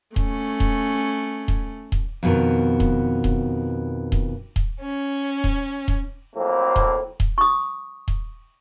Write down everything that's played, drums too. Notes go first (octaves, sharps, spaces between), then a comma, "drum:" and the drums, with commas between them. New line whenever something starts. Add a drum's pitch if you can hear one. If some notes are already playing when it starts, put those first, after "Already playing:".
A3 C#4, drum: kick D#1
drum: kick D#1
drum: kick D#1
drum: kick D#1
F2 B2 D#3
drum: kick D#1
drum: kick D#1
drum: kick D#1
drum: kick D#1
C#4
drum: kick D#1
drum: kick D#1
F2 A2 F#3 A#3 C4
drum: kick D#1
drum: kick D#1
C#6 D#6
drum: kick D#1